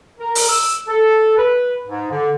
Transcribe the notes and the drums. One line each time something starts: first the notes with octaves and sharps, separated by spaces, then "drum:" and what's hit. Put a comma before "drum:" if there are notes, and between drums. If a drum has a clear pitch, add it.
A#4
drum: open hi-hat
E6
A4
B4
G#2
D3